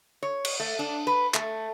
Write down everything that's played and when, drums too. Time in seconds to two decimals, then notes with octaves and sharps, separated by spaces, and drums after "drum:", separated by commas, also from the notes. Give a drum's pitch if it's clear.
0.23 C#5
0.45 drum: cymbal
0.60 A3
0.79 D4
1.07 B4
1.34 A3, drum: clap